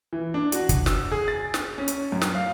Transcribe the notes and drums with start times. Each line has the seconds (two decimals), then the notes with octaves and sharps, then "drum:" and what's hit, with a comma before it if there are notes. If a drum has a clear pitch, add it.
0.13 E3
0.34 D4
0.52 F#4, drum: hi-hat
0.69 drum: kick, hi-hat
0.86 E6, drum: snare
1.12 G#4
1.28 A6
1.54 drum: snare
1.78 C#4
1.88 drum: hi-hat
2.12 F#2
2.21 drum: snare
2.35 F5